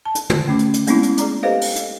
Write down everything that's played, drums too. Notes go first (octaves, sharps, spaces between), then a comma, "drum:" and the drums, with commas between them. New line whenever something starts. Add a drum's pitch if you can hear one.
A5
drum: hi-hat
drum: tom
A3 C#4 D6
drum: hi-hat
drum: hi-hat
G#3 A#3 B3 C#4 D4 E4, drum: hi-hat
drum: hi-hat
G#4 D5 A#5 D6, drum: hi-hat
G4 A4 B4 C5 D#5 F5
drum: open hi-hat
drum: hi-hat